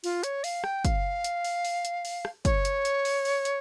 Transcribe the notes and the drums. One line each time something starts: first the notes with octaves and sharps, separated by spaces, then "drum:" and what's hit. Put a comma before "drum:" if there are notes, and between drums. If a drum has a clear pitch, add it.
F4, drum: open hi-hat
C#5, drum: hi-hat
F5, drum: open hi-hat
G5, drum: rim click
F5, drum: kick, hi-hat
drum: hi-hat
drum: open hi-hat
drum: open hi-hat
drum: hi-hat
drum: open hi-hat
drum: rim click
C#5, drum: kick, hi-hat
drum: hi-hat
drum: hi-hat
drum: open hi-hat
drum: open hi-hat
drum: hi-hat